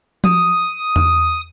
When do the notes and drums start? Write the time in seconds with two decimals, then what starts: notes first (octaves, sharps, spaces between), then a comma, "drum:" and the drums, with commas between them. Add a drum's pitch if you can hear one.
0.24 D#6, drum: tom F3
0.96 drum: tom E2